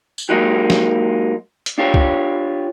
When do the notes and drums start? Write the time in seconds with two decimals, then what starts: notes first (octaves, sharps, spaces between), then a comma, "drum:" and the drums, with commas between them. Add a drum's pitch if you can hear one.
0.18 drum: tambourine
0.29 F#3 G#3 A#3 D#4 F#4 G4
0.70 drum: snare
1.66 drum: hi-hat
1.78 D4 F4 G4 C#5
1.94 drum: kick C#2